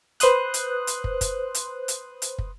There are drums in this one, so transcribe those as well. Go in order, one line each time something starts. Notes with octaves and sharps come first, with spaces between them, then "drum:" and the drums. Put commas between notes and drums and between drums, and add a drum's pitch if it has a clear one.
B4 C5 C6 D#6 F#6, drum: hi-hat
drum: hi-hat
drum: hi-hat
drum: kick
drum: kick, hi-hat
drum: hi-hat
drum: hi-hat
drum: hi-hat
drum: kick